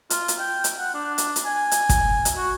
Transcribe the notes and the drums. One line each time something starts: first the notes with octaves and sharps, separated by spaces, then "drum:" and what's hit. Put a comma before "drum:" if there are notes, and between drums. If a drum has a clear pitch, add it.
F4, drum: hi-hat
drum: hi-hat
G5
drum: hi-hat
F#5
D4
drum: hi-hat
drum: hi-hat
G#5
drum: hi-hat
drum: kick, hi-hat
drum: hi-hat
F#4